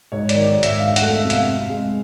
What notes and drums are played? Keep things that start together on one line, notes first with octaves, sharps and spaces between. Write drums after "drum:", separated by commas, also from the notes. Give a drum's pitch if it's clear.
G#2 C#5
D5, drum: hi-hat
D#3
D5
G#2
E5, drum: hi-hat
D4 F5
F#5, drum: hi-hat
A3
E5
C3
F5, drum: hi-hat
C4
G#3